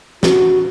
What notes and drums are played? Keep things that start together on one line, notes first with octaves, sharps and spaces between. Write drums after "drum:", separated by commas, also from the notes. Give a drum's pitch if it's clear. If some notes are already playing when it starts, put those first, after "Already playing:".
F#4, drum: snare